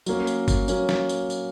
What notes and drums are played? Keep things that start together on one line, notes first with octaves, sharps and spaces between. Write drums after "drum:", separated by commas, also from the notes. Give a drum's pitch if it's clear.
F#3 A#3 C#4, drum: tambourine
drum: tambourine
drum: kick G1, tambourine
F#3 A#3 C#4, drum: tambourine
drum: snare
drum: tambourine
drum: tambourine